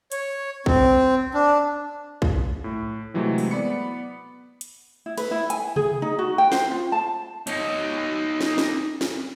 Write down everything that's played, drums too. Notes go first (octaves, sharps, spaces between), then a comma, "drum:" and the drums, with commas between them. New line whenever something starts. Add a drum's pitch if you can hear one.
C#5, drum: hi-hat
C4, drum: kick
D4
drum: kick
A2
C3 E3 F#3 G#3 A3 C4
drum: open hi-hat
B3 D5 B5 C#7
drum: hi-hat
E4
B4, drum: cymbal
E4
G#5, drum: hi-hat
G#4, drum: tom C3
D#4
F#4
G5
C5, drum: snare
F4
A5
D#4 C#5, drum: hi-hat
drum: snare
drum: snare
drum: snare